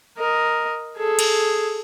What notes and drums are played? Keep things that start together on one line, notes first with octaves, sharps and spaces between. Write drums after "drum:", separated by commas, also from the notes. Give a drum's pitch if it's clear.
A#4 D#5
G#4 A4
drum: cymbal